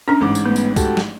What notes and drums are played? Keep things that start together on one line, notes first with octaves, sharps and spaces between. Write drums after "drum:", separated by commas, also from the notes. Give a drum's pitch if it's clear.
C#4 D4 A#5 F6
A1 G#2 D6
drum: tambourine
A3 B3
drum: tambourine
F#4 G4 A4, drum: kick C2, tambourine
drum: snare